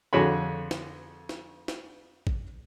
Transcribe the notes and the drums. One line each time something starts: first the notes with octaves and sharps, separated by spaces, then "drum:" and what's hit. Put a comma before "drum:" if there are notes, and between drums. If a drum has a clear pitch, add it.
F2 D3 F#4 G#4 C#5 B5
drum: snare
drum: snare
drum: snare
drum: kick